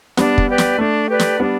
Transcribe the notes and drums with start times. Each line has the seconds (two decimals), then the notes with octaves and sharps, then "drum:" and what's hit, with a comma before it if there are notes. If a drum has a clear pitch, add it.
0.17 G3 B3 D4, drum: snare
0.38 drum: kick
0.48 G4 B4 D5
0.58 drum: snare
0.78 A3 D4
1.10 G4 B4 D5
1.19 drum: snare
1.40 G3 B3 D4